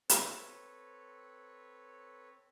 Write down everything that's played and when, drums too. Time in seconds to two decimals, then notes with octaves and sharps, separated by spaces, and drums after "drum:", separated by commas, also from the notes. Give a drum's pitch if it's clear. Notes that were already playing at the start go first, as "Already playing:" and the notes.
0.09 C4 A4 B4 C#5, drum: hi-hat